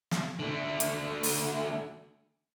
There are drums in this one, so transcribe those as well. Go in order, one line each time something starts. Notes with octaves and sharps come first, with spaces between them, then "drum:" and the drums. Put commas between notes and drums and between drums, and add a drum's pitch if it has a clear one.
drum: snare
D3 A3
drum: hi-hat
drum: open hi-hat